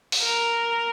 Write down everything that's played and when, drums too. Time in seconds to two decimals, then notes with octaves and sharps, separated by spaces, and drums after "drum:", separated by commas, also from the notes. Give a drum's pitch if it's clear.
0.12 drum: open hi-hat
0.22 A#4